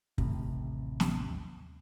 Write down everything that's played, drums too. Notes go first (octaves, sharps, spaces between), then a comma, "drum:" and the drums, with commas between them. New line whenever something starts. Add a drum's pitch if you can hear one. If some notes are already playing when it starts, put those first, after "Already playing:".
A1 D#2 A2 C3, drum: kick
drum: snare